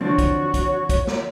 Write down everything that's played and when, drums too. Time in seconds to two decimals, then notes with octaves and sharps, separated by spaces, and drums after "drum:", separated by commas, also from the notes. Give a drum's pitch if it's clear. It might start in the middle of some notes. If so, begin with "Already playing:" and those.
0.01 D3 E3 F3 C4 D4 F#4 C#5
0.18 drum: kick, hi-hat
0.54 drum: kick, hi-hat
0.89 drum: kick, hi-hat
1.07 drum: snare